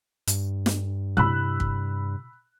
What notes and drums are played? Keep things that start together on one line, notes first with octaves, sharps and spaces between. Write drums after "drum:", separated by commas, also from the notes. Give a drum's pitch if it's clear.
G2, drum: hi-hat
drum: snare
C3 E4 B5 E6 F#6
drum: kick